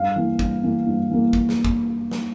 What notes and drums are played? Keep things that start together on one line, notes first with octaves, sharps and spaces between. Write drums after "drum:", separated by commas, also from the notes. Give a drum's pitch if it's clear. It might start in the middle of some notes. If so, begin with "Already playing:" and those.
Already playing: G2 F5
E3 A#3
G2, drum: kick
E3 A#3
G2
E3 A#3
drum: kick
drum: snare
drum: kick
drum: snare